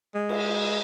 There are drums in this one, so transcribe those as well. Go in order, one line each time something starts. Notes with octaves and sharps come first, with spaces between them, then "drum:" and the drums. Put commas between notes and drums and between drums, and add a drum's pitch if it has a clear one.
G#3
drum: cymbal